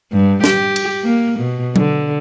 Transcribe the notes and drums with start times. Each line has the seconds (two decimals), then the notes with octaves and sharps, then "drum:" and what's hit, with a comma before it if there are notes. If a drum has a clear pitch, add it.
0.13 G2
0.44 G4, drum: snare
0.76 drum: cymbal
1.04 A#3
1.40 B2
1.76 D3, drum: tom F#3